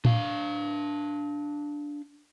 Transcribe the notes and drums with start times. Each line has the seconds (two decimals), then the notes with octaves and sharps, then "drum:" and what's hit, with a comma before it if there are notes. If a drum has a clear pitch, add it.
0.05 D4 F5, drum: tom A2